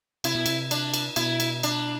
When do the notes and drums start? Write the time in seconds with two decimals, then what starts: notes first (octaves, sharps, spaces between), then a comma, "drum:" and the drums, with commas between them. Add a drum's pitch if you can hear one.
0.24 C3 E4, drum: cymbal
0.35 B2
0.46 C3, drum: cymbal
0.71 D4, drum: cymbal
0.94 drum: cymbal
1.16 B2 E4, drum: cymbal
1.40 drum: cymbal
1.63 D4, drum: cymbal